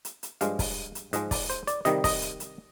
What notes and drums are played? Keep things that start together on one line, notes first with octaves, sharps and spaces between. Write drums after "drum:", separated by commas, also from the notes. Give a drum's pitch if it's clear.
drum: hi-hat
drum: hi-hat
G2 F3 G#3 F5, drum: hi-hat
drum: kick, open hi-hat
drum: hi-hat
G#2 F3 G#3 D#5, drum: hi-hat
D5, drum: kick, open hi-hat
C5, drum: hi-hat
D5, drum: hi-hat
C3 D#3 G3 D#5, drum: hi-hat
D#5, drum: kick, open hi-hat
drum: hi-hat
drum: hi-hat